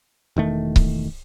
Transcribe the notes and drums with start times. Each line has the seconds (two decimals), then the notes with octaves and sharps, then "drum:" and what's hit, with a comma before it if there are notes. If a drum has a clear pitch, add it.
0.36 E1 D#3 A3
0.76 drum: kick C#1